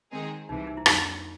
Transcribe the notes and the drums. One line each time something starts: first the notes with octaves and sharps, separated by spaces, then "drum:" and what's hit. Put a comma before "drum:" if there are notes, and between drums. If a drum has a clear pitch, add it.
D#3 G#3 C4 D#4 G#4
C2 C3 E3 D#4
D#4
E4
F2 D3 F#3 A#3 D#4, drum: rim click